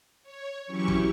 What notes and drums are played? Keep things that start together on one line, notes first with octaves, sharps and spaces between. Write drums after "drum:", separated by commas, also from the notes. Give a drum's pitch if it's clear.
C#5
E3 F#3 C#4 E4 G4 C#6
drum: kick